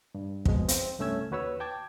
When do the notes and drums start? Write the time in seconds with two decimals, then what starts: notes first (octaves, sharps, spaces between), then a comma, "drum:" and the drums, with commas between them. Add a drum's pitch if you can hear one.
0.15 G2
0.45 F2 B2 G#3, drum: kick
0.68 C4, drum: hi-hat
0.99 C2 G2 A3 C#4 E6 G#6
1.31 D#2 F#4 B4 C#5 E6
1.60 G5 A5 D6 G#6